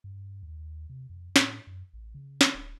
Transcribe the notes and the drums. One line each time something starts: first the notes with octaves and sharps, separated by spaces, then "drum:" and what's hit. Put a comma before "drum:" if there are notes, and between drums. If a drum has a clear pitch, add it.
G2
D#2
C3
F2
A2, drum: snare
F#2
A1
C#3
drum: snare
D1